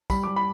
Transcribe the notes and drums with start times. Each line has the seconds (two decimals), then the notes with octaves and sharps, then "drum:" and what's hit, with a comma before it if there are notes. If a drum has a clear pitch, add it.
0.10 G3 B5, drum: kick, tambourine
0.24 G3 D6
0.36 B5